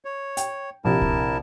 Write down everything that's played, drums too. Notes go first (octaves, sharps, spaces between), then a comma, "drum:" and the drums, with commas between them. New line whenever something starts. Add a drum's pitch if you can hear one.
C#5
G5, drum: hi-hat
A#1 C3 E4 A#4 A5
drum: kick